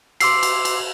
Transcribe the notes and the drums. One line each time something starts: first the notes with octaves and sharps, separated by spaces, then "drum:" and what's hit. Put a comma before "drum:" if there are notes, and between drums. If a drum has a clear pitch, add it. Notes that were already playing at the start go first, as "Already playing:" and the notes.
C6 D6 E6 C7, drum: cymbal
drum: cymbal
drum: cymbal